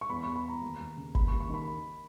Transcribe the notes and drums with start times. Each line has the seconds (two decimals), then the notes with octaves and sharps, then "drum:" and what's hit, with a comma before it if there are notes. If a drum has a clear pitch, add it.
0.01 C#6
0.10 E2 B5
0.23 E2 C#6
0.36 B5
0.44 E2 A#5
0.61 D#2
0.79 D#2
0.97 C#3
1.15 D#2 B5, drum: kick G1
1.28 C#6
1.32 D#2
1.40 C#6
1.50 D#3 B5